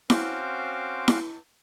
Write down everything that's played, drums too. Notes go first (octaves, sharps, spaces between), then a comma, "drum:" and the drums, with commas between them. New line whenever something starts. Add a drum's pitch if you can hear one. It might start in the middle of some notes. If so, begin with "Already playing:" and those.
C4 C#4 F#4 C5 F5 D6, drum: snare E4
drum: snare E4